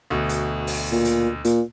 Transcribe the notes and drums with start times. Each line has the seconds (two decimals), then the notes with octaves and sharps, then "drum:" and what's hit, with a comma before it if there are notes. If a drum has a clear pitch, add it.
0.10 D2 B2
0.29 drum: hi-hat
0.67 drum: open hi-hat
0.92 A#2
1.05 drum: hi-hat
1.45 A#2, drum: hi-hat